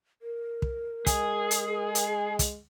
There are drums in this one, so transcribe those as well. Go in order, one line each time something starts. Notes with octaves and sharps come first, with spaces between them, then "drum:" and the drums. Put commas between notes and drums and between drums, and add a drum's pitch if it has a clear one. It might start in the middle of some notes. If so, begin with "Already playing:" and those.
A#4
drum: kick
G#3 G#4, drum: kick, hi-hat
drum: hi-hat
drum: hi-hat
drum: kick, hi-hat